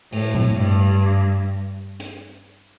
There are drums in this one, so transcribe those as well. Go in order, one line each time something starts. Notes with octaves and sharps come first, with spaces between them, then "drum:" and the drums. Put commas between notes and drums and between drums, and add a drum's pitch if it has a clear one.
A2, drum: open hi-hat
drum: tom A#2
G2
drum: hi-hat